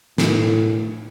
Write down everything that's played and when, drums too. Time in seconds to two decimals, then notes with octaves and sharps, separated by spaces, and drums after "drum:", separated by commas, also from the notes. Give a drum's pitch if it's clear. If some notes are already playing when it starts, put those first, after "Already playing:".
0.18 A2, drum: snare